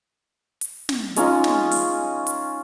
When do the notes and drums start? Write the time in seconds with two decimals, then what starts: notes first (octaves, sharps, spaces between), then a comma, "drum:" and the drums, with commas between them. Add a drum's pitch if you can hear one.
0.61 drum: hi-hat
0.89 drum: snare
1.16 G#3 C#4 D#4 F4, drum: hi-hat
1.44 drum: snare
1.71 drum: open hi-hat
2.27 drum: hi-hat